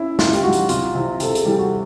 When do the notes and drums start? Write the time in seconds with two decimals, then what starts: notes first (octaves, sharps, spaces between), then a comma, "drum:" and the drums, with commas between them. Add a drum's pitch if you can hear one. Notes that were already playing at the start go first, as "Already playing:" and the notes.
Already playing: C#4 E4
0.19 G#2 F4, drum: snare
0.33 G4, drum: hi-hat
0.43 D#3 F#3 F#4
0.53 drum: hi-hat
0.69 C2 F4, drum: hi-hat
0.95 C3 E3
1.20 C3 A4, drum: hi-hat
1.35 G#4, drum: hi-hat
1.45 E3 G3 G4
1.59 F#4